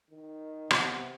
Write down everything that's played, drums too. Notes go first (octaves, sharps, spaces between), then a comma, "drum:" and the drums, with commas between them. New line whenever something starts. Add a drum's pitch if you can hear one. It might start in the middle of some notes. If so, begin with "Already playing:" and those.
D#3
C3 B3, drum: rim click